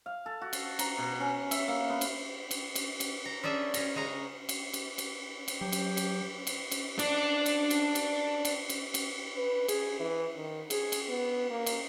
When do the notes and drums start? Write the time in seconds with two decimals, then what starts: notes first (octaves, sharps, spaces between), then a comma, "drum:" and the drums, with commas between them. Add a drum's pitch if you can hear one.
0.06 F5
0.26 A4
0.41 F#4
0.53 drum: cymbal
0.79 A#5, drum: cymbal
0.98 B2
1.20 C#4
1.51 E5, drum: cymbal
1.68 A#3
1.90 B3
2.01 drum: cymbal
2.51 drum: cymbal
2.75 drum: cymbal
3.00 drum: cymbal
3.25 A#5
3.44 C#4 D4 G#4 E5
3.74 C#4 A#4, drum: cymbal
3.95 C#3 G#3 G#5 A#5
4.49 drum: cymbal
4.73 drum: cymbal
4.98 drum: cymbal
5.48 drum: cymbal
5.61 F#3 G4
5.72 drum: cymbal
5.97 drum: cymbal
6.47 drum: cymbal
6.71 drum: cymbal
6.99 D4 D5, drum: cymbal
7.46 drum: cymbal
7.70 drum: cymbal
7.95 drum: cymbal
8.45 drum: cymbal
8.69 drum: cymbal
8.94 drum: cymbal
9.37 B4
9.68 G#4, drum: cymbal
9.99 E3
10.36 D#3
10.70 G#4, drum: cymbal
10.92 drum: cymbal
11.08 B3
11.50 A#3
11.66 drum: cymbal